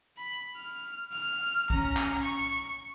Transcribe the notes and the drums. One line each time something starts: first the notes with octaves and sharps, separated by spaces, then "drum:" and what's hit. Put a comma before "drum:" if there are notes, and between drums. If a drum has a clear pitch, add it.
B5
F6
F6
C#4 A#5, drum: kick B1
drum: clap
C#6